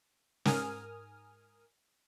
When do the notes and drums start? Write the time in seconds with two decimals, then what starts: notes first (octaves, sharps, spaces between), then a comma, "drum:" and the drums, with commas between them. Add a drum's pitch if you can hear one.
0.45 G#2 A#4 G#5 D#6 F6, drum: snare